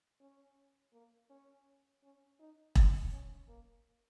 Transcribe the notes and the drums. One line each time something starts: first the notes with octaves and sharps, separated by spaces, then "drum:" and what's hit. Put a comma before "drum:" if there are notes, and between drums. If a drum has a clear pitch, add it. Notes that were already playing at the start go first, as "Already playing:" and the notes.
C#4
A#3
C#4
C#4
D#4
D#4, drum: kick E1
C#4
A#3